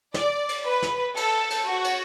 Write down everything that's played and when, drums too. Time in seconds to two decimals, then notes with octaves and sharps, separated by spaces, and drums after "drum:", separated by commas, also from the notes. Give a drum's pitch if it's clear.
0.14 D5, drum: snare
0.49 drum: cymbal
0.66 B4
0.83 drum: snare
1.17 A4, drum: cymbal
1.50 drum: cymbal
1.67 F#4
1.84 drum: cymbal